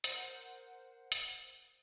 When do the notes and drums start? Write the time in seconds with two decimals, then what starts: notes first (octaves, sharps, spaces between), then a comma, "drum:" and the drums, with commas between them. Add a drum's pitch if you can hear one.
0.04 A#4 C5 F#5, drum: hi-hat
1.12 drum: hi-hat